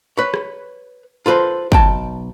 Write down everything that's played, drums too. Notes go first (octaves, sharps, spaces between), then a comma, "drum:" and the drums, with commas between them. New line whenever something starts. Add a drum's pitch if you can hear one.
B4 C#5
drum: rim click
F4 A4 B4 C5
B1 G5 A5, drum: kick